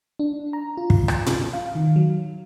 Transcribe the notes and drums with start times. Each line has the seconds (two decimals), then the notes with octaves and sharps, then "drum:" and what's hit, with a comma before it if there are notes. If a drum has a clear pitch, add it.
0.19 D4
0.53 A#5
0.77 F4
0.90 drum: kick
1.08 drum: rim click
1.26 drum: tom A#2
1.53 F5
1.75 D#3
1.96 F#3